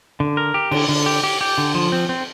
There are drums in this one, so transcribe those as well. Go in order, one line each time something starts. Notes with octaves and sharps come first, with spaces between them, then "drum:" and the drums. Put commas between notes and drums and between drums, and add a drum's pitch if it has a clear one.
D3
A#4
G4
D3, drum: cymbal
D3
G4
G4
G4
D3
F3
C4
C4